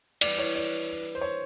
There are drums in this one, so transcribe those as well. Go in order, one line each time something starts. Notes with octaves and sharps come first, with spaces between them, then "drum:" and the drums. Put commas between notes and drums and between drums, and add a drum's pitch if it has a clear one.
E3 G3 B3 D4 D5, drum: cymbal
C#5
D5
C5
C#5